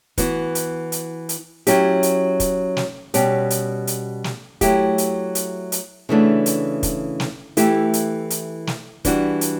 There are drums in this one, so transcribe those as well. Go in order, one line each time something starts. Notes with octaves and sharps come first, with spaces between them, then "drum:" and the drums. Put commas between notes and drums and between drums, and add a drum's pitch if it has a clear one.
E3 B3 F#4, drum: kick, hi-hat
drum: hi-hat
drum: hi-hat
drum: hi-hat
F#3 C#4 E4 G4, drum: hi-hat
drum: hi-hat
drum: kick, hi-hat
drum: snare
B2 G3 C#4 G4, drum: hi-hat
drum: hi-hat
drum: hi-hat
drum: snare
F#3 A3 E4 G4, drum: kick, hi-hat
drum: hi-hat
drum: hi-hat
drum: hi-hat
C#3 E3 A3 D4 F#4
drum: hi-hat
drum: kick, hi-hat
drum: snare
E3 A3 E4 G4, drum: hi-hat
drum: hi-hat
drum: hi-hat
drum: snare
E3 G3 D4 F#4, drum: kick, hi-hat
drum: hi-hat